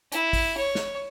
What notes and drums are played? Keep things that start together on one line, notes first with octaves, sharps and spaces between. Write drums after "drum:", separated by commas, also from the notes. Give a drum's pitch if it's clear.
E4, drum: hi-hat
drum: kick, open hi-hat
C#5
drum: snare